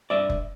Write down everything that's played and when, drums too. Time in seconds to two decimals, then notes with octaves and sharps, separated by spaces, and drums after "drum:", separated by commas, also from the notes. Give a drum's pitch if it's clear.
0.10 G2 D5 E5
0.30 drum: kick F1